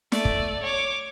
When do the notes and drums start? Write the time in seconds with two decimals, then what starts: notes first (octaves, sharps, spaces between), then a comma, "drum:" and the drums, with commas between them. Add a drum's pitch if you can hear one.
0.12 A3 D5, drum: snare
0.25 drum: kick
0.64 C#5 D6